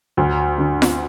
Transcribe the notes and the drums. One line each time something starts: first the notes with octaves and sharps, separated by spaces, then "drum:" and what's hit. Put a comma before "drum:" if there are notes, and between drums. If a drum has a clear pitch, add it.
D2
D3
drum: snare F4